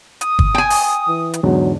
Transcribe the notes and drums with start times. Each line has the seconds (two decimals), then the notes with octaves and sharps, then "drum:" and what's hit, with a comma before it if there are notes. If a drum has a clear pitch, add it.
0.21 D#6, drum: hi-hat
0.39 drum: kick
0.55 G5 G#5
0.70 drum: open hi-hat
1.08 E3
1.34 drum: hi-hat
1.43 E2 G#2 D3 F#3